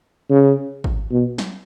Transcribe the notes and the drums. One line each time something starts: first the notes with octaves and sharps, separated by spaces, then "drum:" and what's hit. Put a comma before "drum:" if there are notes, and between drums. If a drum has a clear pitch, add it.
C#3
drum: kick G#1
B2
drum: snare